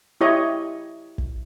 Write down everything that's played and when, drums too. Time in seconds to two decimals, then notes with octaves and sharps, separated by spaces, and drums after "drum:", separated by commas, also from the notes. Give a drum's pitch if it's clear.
0.21 E4 G4 C#5 D#5
1.18 drum: kick